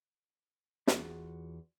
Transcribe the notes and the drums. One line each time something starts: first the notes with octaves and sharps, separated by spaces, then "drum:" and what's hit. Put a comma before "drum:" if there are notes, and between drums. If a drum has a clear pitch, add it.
E2 F4 F#4 G#4 B5, drum: snare